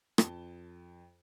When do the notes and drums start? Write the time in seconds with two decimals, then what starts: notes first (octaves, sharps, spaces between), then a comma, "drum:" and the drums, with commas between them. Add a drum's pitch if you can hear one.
0.18 F2 A5 G7, drum: rim click